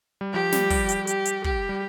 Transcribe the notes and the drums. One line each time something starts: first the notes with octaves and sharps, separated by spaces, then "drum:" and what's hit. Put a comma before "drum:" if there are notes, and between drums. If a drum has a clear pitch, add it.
G3
F3 G4
G3, drum: snare
G3, drum: kick, open hi-hat
drum: hi-hat
G4, drum: hi-hat
drum: hi-hat
G4, drum: kick
G3